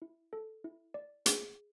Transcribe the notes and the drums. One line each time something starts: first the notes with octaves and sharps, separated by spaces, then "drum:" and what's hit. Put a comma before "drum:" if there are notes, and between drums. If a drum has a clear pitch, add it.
E4
A4
E4
D5
G#4, drum: hi-hat